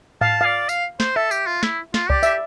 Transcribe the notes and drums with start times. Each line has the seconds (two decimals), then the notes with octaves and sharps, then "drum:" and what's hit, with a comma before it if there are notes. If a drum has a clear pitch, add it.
0.21 F5 A5, drum: tom G#2
0.41 D5 F5
0.69 F5, drum: tambourine
1.00 C5, drum: snare
1.16 A4 E5
1.31 G4, drum: tambourine
1.47 F4
1.63 E4, drum: snare
1.94 F4, drum: snare
2.10 G4 D5, drum: kick C2
2.23 E5, drum: tambourine